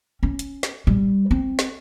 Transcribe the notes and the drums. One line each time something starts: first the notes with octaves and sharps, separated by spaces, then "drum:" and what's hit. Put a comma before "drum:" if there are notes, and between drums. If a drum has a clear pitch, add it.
C#4
drum: hi-hat
drum: snare
G3, drum: tom A2
C4
drum: snare